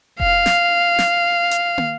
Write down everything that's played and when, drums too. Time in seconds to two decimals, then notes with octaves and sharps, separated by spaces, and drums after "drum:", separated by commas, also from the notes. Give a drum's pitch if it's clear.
0.20 F5, drum: kick F1
0.46 drum: snare
0.99 drum: snare
1.51 drum: hi-hat
1.78 drum: tom